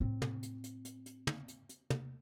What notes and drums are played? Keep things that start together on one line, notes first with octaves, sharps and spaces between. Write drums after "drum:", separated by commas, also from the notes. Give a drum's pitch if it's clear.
A2 C4
drum: tom
drum: hi-hat
drum: hi-hat
drum: hi-hat
drum: hi-hat
drum: tom
drum: hi-hat
drum: hi-hat
drum: tom